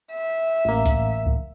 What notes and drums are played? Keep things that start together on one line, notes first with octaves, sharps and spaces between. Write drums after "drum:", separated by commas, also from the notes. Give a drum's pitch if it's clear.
E5
A1 A#3
drum: kick C#2, hi-hat
drum: kick C#2